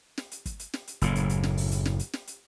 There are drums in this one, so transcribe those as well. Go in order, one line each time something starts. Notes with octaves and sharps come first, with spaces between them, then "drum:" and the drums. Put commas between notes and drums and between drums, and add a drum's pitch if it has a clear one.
drum: snare
drum: hi-hat
drum: kick, hi-hat
drum: hi-hat
drum: snare
drum: hi-hat
F#1 A2, drum: hi-hat
drum: hi-hat
drum: hi-hat
drum: snare
drum: open hi-hat
drum: hi-hat
drum: snare
drum: hi-hat
drum: snare
drum: hi-hat